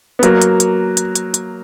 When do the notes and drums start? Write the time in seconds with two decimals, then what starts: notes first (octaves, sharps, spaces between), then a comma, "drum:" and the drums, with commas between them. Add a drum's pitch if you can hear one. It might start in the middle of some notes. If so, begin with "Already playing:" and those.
0.19 B3
0.23 F#3 A#3, drum: hi-hat
0.42 drum: hi-hat
0.60 drum: hi-hat
0.97 drum: hi-hat
1.15 drum: hi-hat
1.34 drum: hi-hat